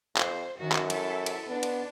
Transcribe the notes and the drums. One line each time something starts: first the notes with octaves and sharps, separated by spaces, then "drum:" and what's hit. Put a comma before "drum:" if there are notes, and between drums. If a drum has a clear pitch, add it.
F2 C5, drum: clap
F#2 D#3 F#4
drum: clap
E4 A4 E5, drum: cymbal
drum: cymbal
B3 D4
drum: cymbal